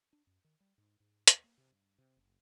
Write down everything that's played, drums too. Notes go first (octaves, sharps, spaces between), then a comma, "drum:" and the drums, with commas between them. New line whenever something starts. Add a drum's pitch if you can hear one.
D4
F#2
D#3
G3
G#2
G#2
D#2, drum: hi-hat
A#3
C3
G2
C3
F#1